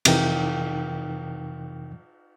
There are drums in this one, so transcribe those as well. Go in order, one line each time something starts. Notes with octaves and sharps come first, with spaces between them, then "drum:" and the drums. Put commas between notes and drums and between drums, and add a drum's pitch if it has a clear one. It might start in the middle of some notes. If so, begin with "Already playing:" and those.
F2 C3 E3 D#4 A#4 G5, drum: cymbal